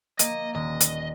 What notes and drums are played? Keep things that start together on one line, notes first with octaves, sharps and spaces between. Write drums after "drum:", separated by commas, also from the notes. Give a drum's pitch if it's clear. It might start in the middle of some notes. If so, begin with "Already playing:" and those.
A#3 D#5, drum: hi-hat
D#1 D#5
drum: hi-hat